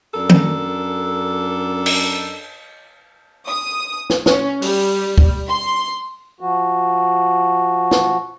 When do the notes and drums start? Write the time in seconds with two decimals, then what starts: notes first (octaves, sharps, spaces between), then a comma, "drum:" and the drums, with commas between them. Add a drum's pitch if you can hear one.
0.14 F#2 D4 A4 A#4
0.30 drum: tom D#3
1.86 drum: cymbal
3.45 D#6
4.10 drum: snare
4.26 C#4, drum: snare
4.62 G3, drum: open hi-hat
5.18 drum: kick
5.47 C6
6.40 F3 F#4
7.91 drum: snare